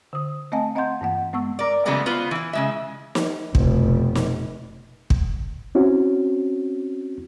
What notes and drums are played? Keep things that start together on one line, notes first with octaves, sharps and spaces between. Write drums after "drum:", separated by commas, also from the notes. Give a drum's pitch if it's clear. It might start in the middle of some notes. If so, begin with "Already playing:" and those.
D3 D#6
A3 C4 D#5 F5 G#5 A5
C4 D#5 F5 F#5 C6 G6
G2 E3 A#3 F#5
G#3 B3 C#6 E6
A#4 D5
C#3 E3 F#3 G#3 A3 B3
B3 F4 B4 C5
E3 E4
C#3 G#3 E5
drum: snare
F1 B2, drum: kick
drum: snare
drum: kick
C4 C#4 E4 F#4